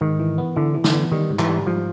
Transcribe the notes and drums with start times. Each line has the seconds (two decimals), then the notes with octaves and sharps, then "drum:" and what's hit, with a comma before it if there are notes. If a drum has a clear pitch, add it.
0.01 G#2 D#3
0.19 E3
0.38 B3
0.56 D3 E3
0.74 E3
0.84 D3, drum: snare
0.93 B3
1.12 D#3 G3
1.30 G#2
1.39 E3, drum: clap
1.49 G3
1.67 G#2 F3